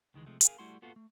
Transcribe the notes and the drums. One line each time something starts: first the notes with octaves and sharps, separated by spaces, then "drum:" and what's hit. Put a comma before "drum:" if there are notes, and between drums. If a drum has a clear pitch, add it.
C#2 D#3 E3 G#3
C3 F3 G#3 A3
G#4 A#4 E5 F5 G#5, drum: hi-hat
G3 A3 E4 F#4 A4 C6
A#3 B3 F4 F#4 A4 F5
A3